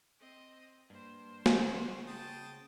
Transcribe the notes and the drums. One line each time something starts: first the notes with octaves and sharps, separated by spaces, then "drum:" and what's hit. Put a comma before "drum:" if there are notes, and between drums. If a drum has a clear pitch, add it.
C4 D#5
G2 A#3 C5
drum: snare
C#3 F#4
G5 A5 D#6